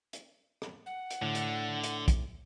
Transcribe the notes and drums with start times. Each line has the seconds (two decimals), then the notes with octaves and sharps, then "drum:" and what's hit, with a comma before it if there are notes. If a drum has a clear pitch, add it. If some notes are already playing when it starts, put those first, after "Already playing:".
0.13 drum: hi-hat
0.62 drum: rim click
0.86 F#5
1.10 drum: hi-hat
1.22 A2 D3
1.35 drum: hi-hat
1.83 drum: hi-hat
2.08 drum: kick, hi-hat